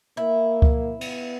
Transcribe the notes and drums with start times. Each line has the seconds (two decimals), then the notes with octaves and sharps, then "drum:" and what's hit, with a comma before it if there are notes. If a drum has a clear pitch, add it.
0.17 A#3 E4
0.62 drum: kick C#2
1.01 B3, drum: cymbal